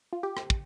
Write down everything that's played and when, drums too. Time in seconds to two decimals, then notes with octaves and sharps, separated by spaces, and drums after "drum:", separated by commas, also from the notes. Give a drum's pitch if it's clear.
0.13 F4
0.23 G4
0.37 drum: rim click
0.50 drum: kick